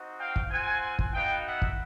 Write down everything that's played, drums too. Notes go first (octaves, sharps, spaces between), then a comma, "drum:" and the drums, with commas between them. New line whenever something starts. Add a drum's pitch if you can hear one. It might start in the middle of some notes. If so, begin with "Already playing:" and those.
Already playing: C4 D#4 F#4
F5 G5
drum: kick
C4 F4 F#5 G#5
drum: kick
B3 D#4 F#4 F5 G5
E5 F#5
drum: kick